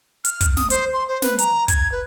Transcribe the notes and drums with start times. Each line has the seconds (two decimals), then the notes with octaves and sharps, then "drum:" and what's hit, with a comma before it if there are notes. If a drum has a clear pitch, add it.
0.25 F6, drum: hi-hat
0.41 drum: kick, hi-hat
0.57 D#6, drum: snare
0.70 C5, drum: hi-hat
0.93 C6
1.08 C5
1.22 B4, drum: snare
1.39 A#5, drum: hi-hat
1.68 G#6, drum: kick, hi-hat
1.92 B4